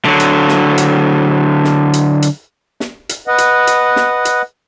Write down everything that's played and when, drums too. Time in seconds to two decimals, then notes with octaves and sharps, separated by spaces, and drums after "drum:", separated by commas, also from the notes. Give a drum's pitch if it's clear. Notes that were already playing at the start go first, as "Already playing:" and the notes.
0.05 D3 F#3
0.20 drum: hi-hat
0.49 drum: snare
0.78 drum: hi-hat
1.64 drum: snare
1.93 drum: hi-hat
2.22 drum: hi-hat
2.80 drum: snare
3.09 drum: hi-hat
3.27 B4 D#5 F#5
3.38 drum: hi-hat
3.67 drum: hi-hat
3.96 drum: snare
4.25 drum: hi-hat